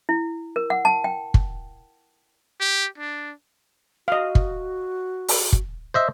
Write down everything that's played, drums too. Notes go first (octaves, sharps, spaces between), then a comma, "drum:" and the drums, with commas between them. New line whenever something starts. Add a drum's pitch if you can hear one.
E4
A#4
F#5
A5
G5
drum: kick
G4
D4
F#4 D#5 F5
drum: kick
drum: open hi-hat
drum: kick
C5 D#5 E5